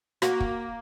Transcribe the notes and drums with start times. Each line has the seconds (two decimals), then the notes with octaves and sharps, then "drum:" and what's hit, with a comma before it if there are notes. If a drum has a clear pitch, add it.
0.22 A#3 F#4, drum: rim click
0.40 drum: kick